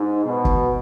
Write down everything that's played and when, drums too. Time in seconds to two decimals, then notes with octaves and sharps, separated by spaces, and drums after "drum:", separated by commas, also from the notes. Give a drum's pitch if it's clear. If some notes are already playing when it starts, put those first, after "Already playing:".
Already playing: G#2
0.24 B2
0.45 drum: kick